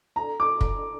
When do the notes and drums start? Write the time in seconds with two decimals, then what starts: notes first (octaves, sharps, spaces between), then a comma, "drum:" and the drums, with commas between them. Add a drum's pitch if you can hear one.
0.16 D4 A4 D5 A#5
0.40 D6
0.61 drum: kick